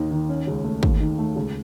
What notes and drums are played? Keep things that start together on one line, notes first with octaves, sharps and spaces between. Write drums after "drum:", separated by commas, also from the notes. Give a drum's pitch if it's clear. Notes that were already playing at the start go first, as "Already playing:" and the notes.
Already playing: D#2 D#3
D#3
C#4
C#2
A3
D#2, drum: kick
D#3
A3
C#2